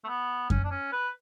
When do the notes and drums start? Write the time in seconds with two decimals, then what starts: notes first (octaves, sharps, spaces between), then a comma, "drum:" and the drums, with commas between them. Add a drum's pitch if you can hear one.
0.05 A3
0.08 B3
0.50 C#4, drum: kick F#2
0.64 D4
0.71 C#4
0.93 B4